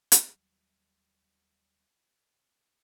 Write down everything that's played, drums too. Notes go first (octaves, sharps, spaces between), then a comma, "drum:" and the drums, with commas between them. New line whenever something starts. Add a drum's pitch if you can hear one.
D#2 F#3 G3, drum: hi-hat